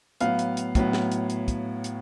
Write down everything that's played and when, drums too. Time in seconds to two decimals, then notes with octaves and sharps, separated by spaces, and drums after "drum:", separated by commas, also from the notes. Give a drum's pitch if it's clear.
0.20 A2 F#3 B3 F5, drum: hi-hat
0.39 drum: hi-hat
0.57 drum: hi-hat
0.75 A2 F#3 B3, drum: kick, hi-hat
0.93 drum: snare
1.12 drum: hi-hat
1.30 drum: hi-hat
1.48 drum: kick, hi-hat
1.84 drum: hi-hat